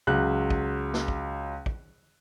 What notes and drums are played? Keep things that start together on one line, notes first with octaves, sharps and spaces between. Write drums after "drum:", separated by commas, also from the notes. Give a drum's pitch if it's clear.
C#2 F#3 F#6
drum: kick
drum: snare
drum: kick
drum: kick